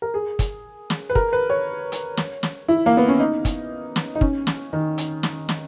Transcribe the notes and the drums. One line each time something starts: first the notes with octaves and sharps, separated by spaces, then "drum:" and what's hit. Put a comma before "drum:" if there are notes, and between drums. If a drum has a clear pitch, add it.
A#4
G#4
drum: kick, hi-hat
drum: snare
B4
A#4, drum: kick
B4
C#5
drum: hi-hat
drum: snare
drum: snare
E4
A#3
B3
C#4
D#4
drum: kick, hi-hat
drum: snare
D#4
C#4, drum: kick
drum: snare
D#3
drum: hi-hat
drum: snare
drum: snare